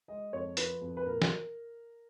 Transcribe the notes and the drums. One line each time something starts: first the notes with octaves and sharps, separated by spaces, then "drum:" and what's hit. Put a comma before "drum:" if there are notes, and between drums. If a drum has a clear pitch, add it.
G#3 D#5
F2 C#5
F3 B4, drum: hi-hat
F2
B4
A#2 A#4
drum: snare